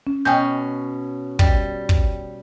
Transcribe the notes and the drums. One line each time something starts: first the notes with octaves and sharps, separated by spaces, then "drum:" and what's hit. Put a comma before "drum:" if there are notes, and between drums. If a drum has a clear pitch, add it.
C#4
B2 C#4 G5 G#5 G6
G3, drum: kick
drum: kick